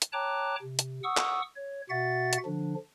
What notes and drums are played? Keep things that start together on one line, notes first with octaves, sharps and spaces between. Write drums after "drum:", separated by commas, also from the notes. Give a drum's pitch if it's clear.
drum: hi-hat
C#5 G5 A5 A#5 D6 F#6
C3
drum: hi-hat
F#5 C#6 D#6 E6
drum: clap
C#5
B2 F#4 E5 F#5 A6
drum: hi-hat
D3 F3 D4